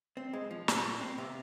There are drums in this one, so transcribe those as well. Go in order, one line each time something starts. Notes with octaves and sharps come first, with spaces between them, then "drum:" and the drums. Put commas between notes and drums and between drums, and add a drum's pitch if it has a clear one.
C4
G#3
F3
A#2, drum: snare
A#2
C4
C3 F5